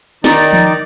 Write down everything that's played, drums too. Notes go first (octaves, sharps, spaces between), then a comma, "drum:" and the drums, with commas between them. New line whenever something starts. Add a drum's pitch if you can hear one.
D#3 D#4 D5, drum: snare
drum: tom E3